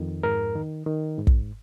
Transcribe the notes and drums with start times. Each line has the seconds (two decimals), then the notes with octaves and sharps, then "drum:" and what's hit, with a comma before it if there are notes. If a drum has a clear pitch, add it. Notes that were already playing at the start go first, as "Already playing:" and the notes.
Already playing: F2 D#3
0.23 G#2 A#4
0.55 D#3
0.86 D#3
1.17 G#2
1.27 drum: kick